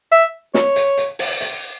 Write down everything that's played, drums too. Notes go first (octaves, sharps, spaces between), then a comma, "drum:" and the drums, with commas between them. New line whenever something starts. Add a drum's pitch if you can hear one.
E5
C#5, drum: snare
drum: hi-hat
drum: hi-hat
drum: open hi-hat
drum: hi-hat